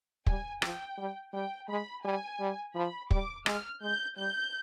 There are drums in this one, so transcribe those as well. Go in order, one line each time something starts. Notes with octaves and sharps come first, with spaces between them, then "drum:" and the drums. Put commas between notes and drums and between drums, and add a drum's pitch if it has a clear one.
G3 G#5, drum: kick
F3 G5, drum: rim click
G3
G3 G5
G#3 B5
G3 G#5
G3
F3 B5
G3 D6, drum: kick
G#3 F6, drum: rim click
G#3 G6
G3 G6